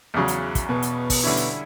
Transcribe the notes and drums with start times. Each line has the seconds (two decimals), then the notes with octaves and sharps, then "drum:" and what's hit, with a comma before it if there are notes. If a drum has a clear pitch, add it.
0.14 E2 C#3 F#3
0.28 drum: hi-hat
0.55 drum: kick, hi-hat
0.69 B2 B3
0.82 drum: hi-hat
1.10 drum: kick, open hi-hat
1.23 D3 G3 C#4 E4
1.37 drum: hi-hat